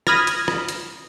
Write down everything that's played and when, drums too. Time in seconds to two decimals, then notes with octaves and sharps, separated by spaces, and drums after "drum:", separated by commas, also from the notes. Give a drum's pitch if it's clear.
0.07 B5 D#6 F6 G#6 A#6, drum: rim click
0.27 drum: hi-hat
0.48 drum: rim click
0.69 drum: hi-hat